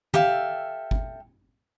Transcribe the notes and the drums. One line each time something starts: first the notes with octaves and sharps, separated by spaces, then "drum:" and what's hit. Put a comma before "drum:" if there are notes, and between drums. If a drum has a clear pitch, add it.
G4 A4 E5 F5, drum: tom
drum: kick G1